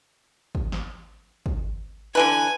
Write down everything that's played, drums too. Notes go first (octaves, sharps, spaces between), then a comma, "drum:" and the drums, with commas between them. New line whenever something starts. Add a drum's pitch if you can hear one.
drum: kick
drum: snare
drum: kick
D3 E3 B4 G#5